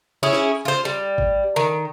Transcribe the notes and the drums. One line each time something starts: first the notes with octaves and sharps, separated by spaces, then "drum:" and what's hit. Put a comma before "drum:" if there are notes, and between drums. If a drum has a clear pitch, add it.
C#4 E4 G#4
drum: snare
F4 C5
G3
drum: kick G#1
D#3